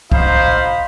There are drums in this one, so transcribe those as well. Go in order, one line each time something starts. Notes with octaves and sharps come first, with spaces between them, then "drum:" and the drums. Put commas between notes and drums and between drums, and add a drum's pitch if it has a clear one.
D#4 F#4 C5 F5 B5, drum: kick B1